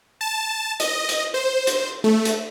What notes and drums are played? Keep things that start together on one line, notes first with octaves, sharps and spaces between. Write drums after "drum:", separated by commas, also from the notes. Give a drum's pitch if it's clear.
A5
D#5, drum: hi-hat
drum: hi-hat
C5
drum: hi-hat
A3
drum: hi-hat